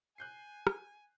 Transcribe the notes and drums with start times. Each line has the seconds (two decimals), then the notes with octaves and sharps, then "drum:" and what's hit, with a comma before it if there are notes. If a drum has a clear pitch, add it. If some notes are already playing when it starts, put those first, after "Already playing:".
0.18 G#5 F#6 G6 C7
0.67 drum: rim click